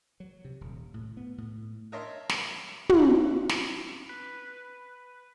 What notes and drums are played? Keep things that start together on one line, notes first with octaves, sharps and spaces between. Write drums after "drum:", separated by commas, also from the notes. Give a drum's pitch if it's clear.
F#3
C3
D#1
A2
B3
A2
A#4 C#5 D#5 E5 A5 C6
drum: snare
drum: tom
drum: snare
B4